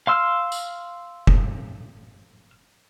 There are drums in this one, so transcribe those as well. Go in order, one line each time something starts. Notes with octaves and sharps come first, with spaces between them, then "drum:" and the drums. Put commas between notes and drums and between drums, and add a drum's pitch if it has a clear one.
F5 C6 E6 F6
drum: tambourine
drum: kick F1